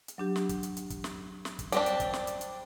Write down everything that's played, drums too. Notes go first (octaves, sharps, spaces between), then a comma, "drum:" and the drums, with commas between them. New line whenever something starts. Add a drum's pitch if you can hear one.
drum: hi-hat
F#3 D4 G4
drum: snare
drum: kick, hi-hat
drum: hi-hat
drum: hi-hat
drum: kick, hi-hat
drum: snare
drum: snare
drum: kick, hi-hat
G3 C4 D4 D5, drum: hi-hat
drum: hi-hat
drum: kick, hi-hat
drum: snare
drum: hi-hat
drum: hi-hat